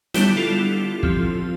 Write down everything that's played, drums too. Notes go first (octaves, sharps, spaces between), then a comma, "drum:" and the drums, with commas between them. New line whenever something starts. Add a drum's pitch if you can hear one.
D3 G3 B3 D4 E4 G4, drum: snare
F4 A4
F3 C4, drum: kick